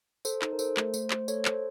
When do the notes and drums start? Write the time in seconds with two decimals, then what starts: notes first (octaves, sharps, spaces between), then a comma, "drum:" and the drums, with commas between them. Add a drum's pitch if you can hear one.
0.25 A4 C5, drum: tambourine
0.42 D#4, drum: clap
0.53 A#4
0.59 A4 C5, drum: tambourine
0.77 A3, drum: clap
0.94 A3 C5, drum: tambourine
1.10 A3 C5, drum: clap
1.28 A4 C#5, drum: tambourine
1.45 A4 C5, drum: clap